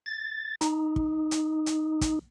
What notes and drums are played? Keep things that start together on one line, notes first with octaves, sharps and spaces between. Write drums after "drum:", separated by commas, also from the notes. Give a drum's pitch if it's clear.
A6
D#4, drum: hi-hat
drum: kick
drum: hi-hat
drum: hi-hat
drum: kick, hi-hat